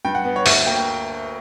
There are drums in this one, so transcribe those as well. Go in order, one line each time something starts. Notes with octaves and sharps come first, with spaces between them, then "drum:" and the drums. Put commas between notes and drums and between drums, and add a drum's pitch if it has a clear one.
G2 G5
F#5
B3
C#5
D2 E5, drum: open hi-hat
A#3 G5